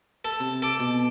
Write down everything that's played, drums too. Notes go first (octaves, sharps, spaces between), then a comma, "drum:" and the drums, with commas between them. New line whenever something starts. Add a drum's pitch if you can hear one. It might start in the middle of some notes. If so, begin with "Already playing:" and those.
A4, drum: hi-hat
C3, drum: hi-hat
A4 D6, drum: hi-hat
B2, drum: hi-hat